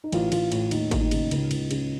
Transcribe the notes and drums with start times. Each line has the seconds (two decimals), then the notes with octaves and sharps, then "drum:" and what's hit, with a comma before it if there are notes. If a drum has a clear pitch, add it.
0.04 D#4
0.12 A1 F4, drum: cymbal
0.32 A1 F4, drum: cymbal
0.52 A2 F4, drum: cymbal
0.71 D#2 D#4, drum: cymbal
0.91 D#2, drum: kick G#1, cymbal
1.01 D#4
1.11 C#3, drum: cymbal
1.31 C#2 D#4, drum: cymbal
1.51 C#2, drum: cymbal
1.71 C#3, drum: cymbal